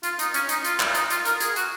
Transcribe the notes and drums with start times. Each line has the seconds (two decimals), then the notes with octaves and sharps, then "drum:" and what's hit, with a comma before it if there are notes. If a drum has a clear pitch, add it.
0.03 F4, drum: hi-hat
0.19 D#4, drum: hi-hat
0.34 C#4, drum: hi-hat
0.49 D#4, drum: hi-hat
0.65 F4, drum: hi-hat
0.80 drum: clap
0.95 D#4, drum: hi-hat
1.10 F4, drum: hi-hat
1.25 A#4, drum: hi-hat
1.40 G#4, drum: hi-hat
1.56 F#4, drum: hi-hat